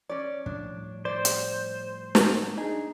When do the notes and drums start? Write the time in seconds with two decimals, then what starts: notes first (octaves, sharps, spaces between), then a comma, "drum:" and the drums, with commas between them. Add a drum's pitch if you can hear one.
0.10 C#4 C#5 D5
0.46 A2 F3 G3 D4
1.05 C5 D5
1.25 drum: hi-hat
2.15 drum: snare
2.57 D4 D#4 G#4